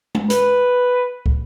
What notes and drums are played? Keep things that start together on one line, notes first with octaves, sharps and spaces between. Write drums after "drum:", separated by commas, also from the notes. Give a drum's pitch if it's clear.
drum: tom G#3
B4, drum: hi-hat
drum: kick